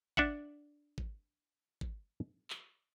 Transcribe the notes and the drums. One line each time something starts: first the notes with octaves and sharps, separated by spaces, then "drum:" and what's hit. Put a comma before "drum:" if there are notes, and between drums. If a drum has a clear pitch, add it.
D4 E5 F#5, drum: kick G#1
drum: kick G#1
drum: kick G#1
drum: clap